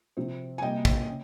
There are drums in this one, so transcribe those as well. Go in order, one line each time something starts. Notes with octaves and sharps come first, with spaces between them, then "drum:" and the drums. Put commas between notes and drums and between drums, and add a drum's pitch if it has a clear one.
C3 F3 C4
G#5
C3 G3 A#3 D#5 G5
drum: kick
C#3